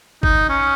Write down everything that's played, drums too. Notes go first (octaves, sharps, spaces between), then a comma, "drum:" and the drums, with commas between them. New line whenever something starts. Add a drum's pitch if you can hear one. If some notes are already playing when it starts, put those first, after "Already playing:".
D#4, drum: kick
C#4